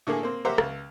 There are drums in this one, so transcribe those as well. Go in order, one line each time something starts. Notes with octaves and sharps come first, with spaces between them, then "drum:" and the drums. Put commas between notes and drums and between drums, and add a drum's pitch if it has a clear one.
A2 D3 A#3 G#4
A#3 C4
A#3 G4 C5 E5 F#5 A#5
C#2, drum: rim click